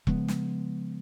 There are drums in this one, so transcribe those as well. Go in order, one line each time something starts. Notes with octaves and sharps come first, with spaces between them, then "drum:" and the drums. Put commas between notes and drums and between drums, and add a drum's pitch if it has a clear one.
C#3 F3 G#3 B3, drum: kick E1
drum: snare